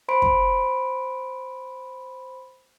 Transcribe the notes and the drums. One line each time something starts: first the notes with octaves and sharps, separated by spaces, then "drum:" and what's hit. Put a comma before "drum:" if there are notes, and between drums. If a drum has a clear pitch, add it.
C5 B5 C6 D7
drum: kick